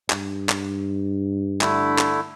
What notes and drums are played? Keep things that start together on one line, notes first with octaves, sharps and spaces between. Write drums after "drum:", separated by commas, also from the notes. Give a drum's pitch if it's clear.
G2, drum: clap
drum: clap
D3 A3 E4, drum: clap
drum: clap